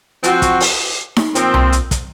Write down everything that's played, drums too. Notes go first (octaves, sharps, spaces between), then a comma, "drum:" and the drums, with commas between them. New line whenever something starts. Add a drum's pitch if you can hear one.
F3 C4 F#4, drum: hi-hat
drum: kick, hi-hat
drum: open hi-hat
drum: snare D#4
A#2 F3 C4, drum: hi-hat
drum: tom C2
drum: hi-hat
drum: kick, hi-hat